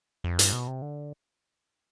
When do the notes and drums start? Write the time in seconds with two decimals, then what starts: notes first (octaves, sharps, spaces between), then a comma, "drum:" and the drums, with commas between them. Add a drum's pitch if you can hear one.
0.24 F2
0.39 G2, drum: hi-hat
0.53 B2
0.67 C3
0.82 D3